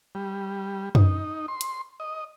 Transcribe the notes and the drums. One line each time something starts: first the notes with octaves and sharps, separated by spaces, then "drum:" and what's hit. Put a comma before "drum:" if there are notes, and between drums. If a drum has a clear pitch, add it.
G3
D#4, drum: tom F#2
C6
drum: hi-hat
D#5